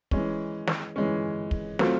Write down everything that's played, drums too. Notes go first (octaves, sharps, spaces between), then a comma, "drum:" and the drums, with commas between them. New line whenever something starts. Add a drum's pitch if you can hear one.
E3 G#3 C#4, drum: kick
drum: snare
E3 G#3 C#4
drum: kick
F#3 A3 C4 F4, drum: snare